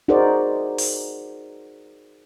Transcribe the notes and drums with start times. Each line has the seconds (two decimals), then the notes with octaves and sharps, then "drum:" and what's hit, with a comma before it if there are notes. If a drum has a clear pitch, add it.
0.08 D#4 F#4 G#4 A#4 C5 D5
0.79 drum: open hi-hat